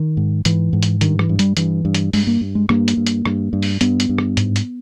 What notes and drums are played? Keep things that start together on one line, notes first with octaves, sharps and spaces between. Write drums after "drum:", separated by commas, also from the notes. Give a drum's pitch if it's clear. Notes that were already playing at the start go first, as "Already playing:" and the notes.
Already playing: D#3
G#2
G#2 E3, drum: hi-hat
G#2
drum: hi-hat
G2 D#3, drum: hi-hat
E3, drum: rim click
G2
G3, drum: hi-hat
G2 E3, drum: hi-hat
G2
drum: hi-hat
G2 G#3, drum: open hi-hat
A#3
G2
G#3
G2 A#3, drum: rim click
drum: hi-hat
G2
drum: hi-hat
G2, drum: rim click
G2
drum: open hi-hat
G2 B3, drum: hi-hat
drum: hi-hat
G2
drum: rim click
G#2, drum: hi-hat
drum: hi-hat